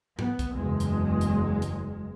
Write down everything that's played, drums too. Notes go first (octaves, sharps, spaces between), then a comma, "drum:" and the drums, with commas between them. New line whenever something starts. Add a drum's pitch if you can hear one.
B3, drum: tom G#2
drum: kick A#1, hi-hat
F#1 E2 G#3
drum: hi-hat
drum: hi-hat
drum: hi-hat